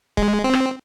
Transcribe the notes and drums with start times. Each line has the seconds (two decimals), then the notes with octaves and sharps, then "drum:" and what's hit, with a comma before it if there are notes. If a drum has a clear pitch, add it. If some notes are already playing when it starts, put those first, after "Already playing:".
0.17 G#3, drum: kick
0.44 C4
0.53 drum: rim click